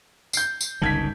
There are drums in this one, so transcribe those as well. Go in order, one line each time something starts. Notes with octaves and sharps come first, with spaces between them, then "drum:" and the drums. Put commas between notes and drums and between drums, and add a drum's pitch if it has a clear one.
G6 C7, drum: tambourine
drum: tambourine
G1 C#2 D#3 A5 G#6 B6